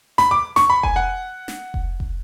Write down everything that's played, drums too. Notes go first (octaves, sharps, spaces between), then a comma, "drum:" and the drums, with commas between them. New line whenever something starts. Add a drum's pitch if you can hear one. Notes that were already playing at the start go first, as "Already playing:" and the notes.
B5, drum: snare
D6
C#6, drum: snare
B5
G#5, drum: kick F1
F#5
drum: snare
drum: kick F1
drum: kick F1